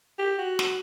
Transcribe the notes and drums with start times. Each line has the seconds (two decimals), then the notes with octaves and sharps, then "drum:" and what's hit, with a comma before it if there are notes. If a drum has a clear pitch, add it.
0.18 G4
0.38 F#4
0.59 drum: snare